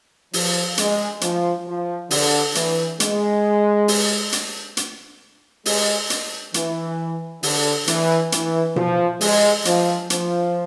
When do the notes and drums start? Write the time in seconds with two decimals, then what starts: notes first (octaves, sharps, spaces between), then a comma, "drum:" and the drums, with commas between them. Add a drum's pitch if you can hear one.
0.33 F3, drum: open hi-hat
0.78 G#3, drum: hi-hat
1.21 F3, drum: hi-hat
1.66 F3
2.11 D3, drum: open hi-hat
2.55 E3, drum: hi-hat
3.00 G#3, drum: hi-hat
3.88 drum: open hi-hat
4.32 drum: hi-hat
4.77 drum: hi-hat
5.66 G#3, drum: open hi-hat
6.10 drum: hi-hat
6.54 E3, drum: hi-hat
7.43 D3, drum: open hi-hat
7.87 E3, drum: hi-hat
8.32 E3, drum: hi-hat
8.76 F3, drum: tom B2
9.21 G#3, drum: open hi-hat
9.65 F3, drum: hi-hat
10.10 F3, drum: hi-hat